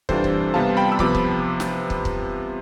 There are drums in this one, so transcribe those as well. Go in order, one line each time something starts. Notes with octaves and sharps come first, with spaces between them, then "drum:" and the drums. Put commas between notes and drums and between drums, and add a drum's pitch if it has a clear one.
C3 E3 G3 D4 F4 A4 C5, drum: kick
drum: kick
C3 G3 B3 F4 F5 A5
G5 B5
E6
C3 F3 B3 B5 D6, drum: kick
drum: kick
drum: snare
drum: kick
drum: kick